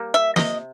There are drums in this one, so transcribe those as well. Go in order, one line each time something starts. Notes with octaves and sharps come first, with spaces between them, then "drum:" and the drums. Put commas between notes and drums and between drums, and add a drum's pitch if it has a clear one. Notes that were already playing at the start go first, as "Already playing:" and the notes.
Already playing: G3 A#3
E5
C3 D#5, drum: snare